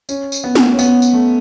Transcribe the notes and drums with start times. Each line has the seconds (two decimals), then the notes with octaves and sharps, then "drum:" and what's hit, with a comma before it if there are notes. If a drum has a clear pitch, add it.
0.09 C#4, drum: tambourine
0.32 drum: tambourine
0.44 B3
0.55 drum: snare
0.73 C#4
0.79 B3, drum: tambourine
1.02 drum: tambourine
1.13 A3